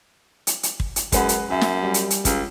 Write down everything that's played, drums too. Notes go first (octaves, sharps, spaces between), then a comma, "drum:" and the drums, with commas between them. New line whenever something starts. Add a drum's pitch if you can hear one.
drum: hi-hat
drum: hi-hat
drum: kick
drum: hi-hat
F#2 G#3 B4 F#5, drum: kick, hi-hat
drum: hi-hat
F#2 E5
drum: snare
G3
drum: hi-hat
drum: hi-hat
C#2, drum: kick, hi-hat